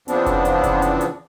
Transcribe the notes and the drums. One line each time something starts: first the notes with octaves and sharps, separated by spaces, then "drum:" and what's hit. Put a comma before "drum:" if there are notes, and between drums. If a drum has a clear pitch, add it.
E2 C#3 F3 B3 C4 D4, drum: hi-hat
drum: kick F1, hi-hat
drum: hi-hat
drum: kick F1, hi-hat
drum: hi-hat
drum: hi-hat